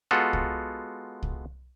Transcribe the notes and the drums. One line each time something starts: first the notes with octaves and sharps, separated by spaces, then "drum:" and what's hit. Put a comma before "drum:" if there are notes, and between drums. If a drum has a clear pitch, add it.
G#3 B3 F4 F#4 A4
drum: kick C2
drum: kick C2